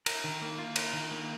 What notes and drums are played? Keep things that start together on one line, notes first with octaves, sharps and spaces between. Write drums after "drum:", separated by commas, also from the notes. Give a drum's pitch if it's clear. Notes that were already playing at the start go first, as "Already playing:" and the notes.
A#4, drum: cymbal
D#3
A#3
F4
A#4, drum: cymbal
D#3
A#3